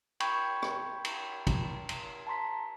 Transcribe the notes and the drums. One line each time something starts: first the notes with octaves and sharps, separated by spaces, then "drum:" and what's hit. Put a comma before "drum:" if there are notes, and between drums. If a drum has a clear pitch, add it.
G5 B5 C#6 G6 G#6, drum: cymbal
drum: rim click
drum: cymbal
drum: kick, cymbal
drum: cymbal
A5 A#5 C6 B6